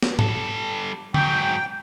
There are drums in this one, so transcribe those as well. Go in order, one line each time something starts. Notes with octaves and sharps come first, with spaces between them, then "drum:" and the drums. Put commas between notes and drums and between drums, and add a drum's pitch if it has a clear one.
drum: snare
G3 A4, drum: tom G#2
G#2 F#3 G5, drum: tom D3